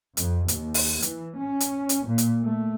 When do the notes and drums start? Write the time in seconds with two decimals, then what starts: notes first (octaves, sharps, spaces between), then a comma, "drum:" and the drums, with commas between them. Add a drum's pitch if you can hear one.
0.17 F2, drum: hi-hat
0.48 D#2, drum: hi-hat
0.74 drum: open hi-hat
1.02 E3, drum: hi-hat
1.38 C#4
1.60 drum: hi-hat
1.89 drum: hi-hat
2.07 A#2
2.18 drum: hi-hat
2.42 A3